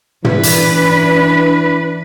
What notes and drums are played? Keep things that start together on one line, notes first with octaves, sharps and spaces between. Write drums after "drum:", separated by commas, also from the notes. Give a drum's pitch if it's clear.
E3 D4 B4, drum: tom
drum: hi-hat